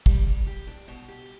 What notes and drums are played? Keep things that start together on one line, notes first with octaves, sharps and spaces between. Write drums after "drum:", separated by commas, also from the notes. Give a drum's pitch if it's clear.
G3, drum: kick
G3
G4
D4
B2
G4